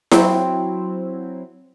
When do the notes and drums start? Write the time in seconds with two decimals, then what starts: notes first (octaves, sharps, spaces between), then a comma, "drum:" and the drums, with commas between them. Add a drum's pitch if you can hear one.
0.12 F#3 C4 E4, drum: snare E4